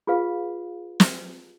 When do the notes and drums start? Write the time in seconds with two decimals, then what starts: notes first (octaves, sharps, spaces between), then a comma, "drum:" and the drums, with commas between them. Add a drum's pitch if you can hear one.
0.07 F4 G#4 B4 F5
1.00 drum: snare